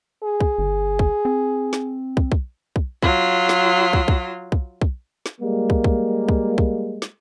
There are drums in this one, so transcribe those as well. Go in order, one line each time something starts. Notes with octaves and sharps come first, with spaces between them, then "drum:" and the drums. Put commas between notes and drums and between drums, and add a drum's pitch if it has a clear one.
G#4
drum: kick
G1
drum: kick
C4
drum: snare
drum: kick
drum: kick
drum: kick
F#3 F4, drum: kick
drum: snare
drum: kick
drum: kick
drum: kick
drum: kick
drum: snare
G3 G#3 A#3
drum: kick
drum: kick
drum: kick
drum: kick
drum: snare